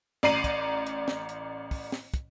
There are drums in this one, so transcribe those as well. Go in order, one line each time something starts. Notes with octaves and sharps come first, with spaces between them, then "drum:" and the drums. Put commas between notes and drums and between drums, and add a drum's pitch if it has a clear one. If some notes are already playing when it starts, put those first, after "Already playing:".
A1 D5 A#5 C7 D#7 F#7, drum: snare
drum: kick, hi-hat
drum: hi-hat
drum: snare
drum: hi-hat
drum: kick, open hi-hat
drum: snare
drum: kick, hi-hat